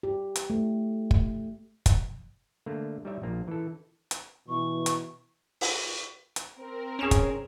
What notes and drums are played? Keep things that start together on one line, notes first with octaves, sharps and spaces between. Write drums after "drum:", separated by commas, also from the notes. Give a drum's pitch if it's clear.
G4
drum: hi-hat
A3
drum: kick
drum: kick, hi-hat
D3 A3 A#3
G3 D#4 C#5 E5
A#1 A#3 F4
E3 A4
drum: hi-hat
B2 E3 C#6
drum: hi-hat
drum: open hi-hat
drum: hi-hat
C4 A#4
C#4 G#4 E7 F7
drum: kick, hi-hat